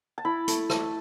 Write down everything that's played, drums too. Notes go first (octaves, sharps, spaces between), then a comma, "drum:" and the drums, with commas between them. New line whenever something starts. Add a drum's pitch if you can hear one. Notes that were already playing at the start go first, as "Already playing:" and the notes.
A5
E4 B5
A3, drum: hi-hat
A3, drum: rim click